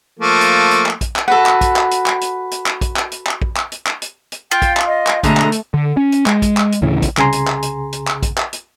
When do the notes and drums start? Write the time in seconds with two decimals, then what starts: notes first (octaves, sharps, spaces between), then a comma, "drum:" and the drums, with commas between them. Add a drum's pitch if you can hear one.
0.19 F3 A3 A#3
0.41 drum: hi-hat
0.71 drum: hi-hat
0.86 drum: clap
1.01 drum: kick, hi-hat
1.16 drum: clap
1.28 F#4 A4 B4 F#5
1.46 drum: clap
1.61 drum: kick, hi-hat
1.76 drum: clap
1.91 drum: hi-hat
2.06 drum: clap
2.21 drum: hi-hat
2.51 drum: hi-hat
2.66 drum: clap
2.81 drum: kick, hi-hat
2.96 drum: clap
3.11 drum: hi-hat
3.27 drum: clap
3.42 drum: kick
3.57 drum: clap
3.72 drum: hi-hat
3.87 drum: clap
4.02 drum: hi-hat
4.32 drum: hi-hat
4.51 F4 G5
4.62 drum: kick, hi-hat
4.77 drum: clap
4.87 D#5
5.07 drum: clap
5.23 B2 D3 G#3 A3 A#5, drum: kick, hi-hat
5.37 drum: clap
5.52 drum: hi-hat
5.74 D3
5.97 C#4
6.12 drum: hi-hat
6.26 G#3, drum: clap
6.42 drum: kick, hi-hat
6.57 drum: clap
6.72 drum: hi-hat
6.82 D2 A2 C#3 E3
7.02 drum: kick, hi-hat
7.17 C2 C#3 G#4 G#5 A#5 C6, drum: clap
7.32 drum: hi-hat
7.47 drum: clap
7.62 drum: hi-hat
7.92 drum: hi-hat
8.08 drum: clap
8.23 drum: kick, hi-hat
8.38 drum: clap
8.53 drum: hi-hat